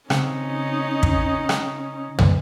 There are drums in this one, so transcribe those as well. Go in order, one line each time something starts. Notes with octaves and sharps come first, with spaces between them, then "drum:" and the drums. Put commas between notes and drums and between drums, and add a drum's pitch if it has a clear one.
C#3 C4 C#4 D#4, drum: rim click
drum: kick
drum: rim click
drum: tom